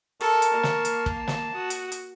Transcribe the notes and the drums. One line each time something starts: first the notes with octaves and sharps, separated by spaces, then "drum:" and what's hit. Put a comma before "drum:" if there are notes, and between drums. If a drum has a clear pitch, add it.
A4 A#4 A5 C#6, drum: open hi-hat
drum: hi-hat
A#3
drum: snare
drum: hi-hat
drum: kick
drum: snare
F#4 D#6
drum: hi-hat
drum: hi-hat